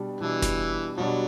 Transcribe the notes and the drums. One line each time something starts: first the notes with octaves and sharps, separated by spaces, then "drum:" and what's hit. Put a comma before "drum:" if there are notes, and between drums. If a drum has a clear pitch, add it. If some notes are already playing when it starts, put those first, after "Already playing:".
Already playing: B2 G3 D4
B2 E3 G3 D4
drum: snare F#1
B2 F#3 G3 D4